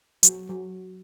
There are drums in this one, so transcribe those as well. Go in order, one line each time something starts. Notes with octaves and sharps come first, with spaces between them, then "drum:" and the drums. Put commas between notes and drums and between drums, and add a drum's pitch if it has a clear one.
F#3, drum: hi-hat
F#3